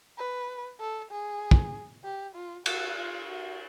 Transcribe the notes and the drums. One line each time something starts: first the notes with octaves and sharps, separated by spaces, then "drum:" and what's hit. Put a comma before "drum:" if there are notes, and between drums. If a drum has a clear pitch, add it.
B4
A4
G#4
drum: kick
G4
F4
F#4, drum: cymbal
F4
F#4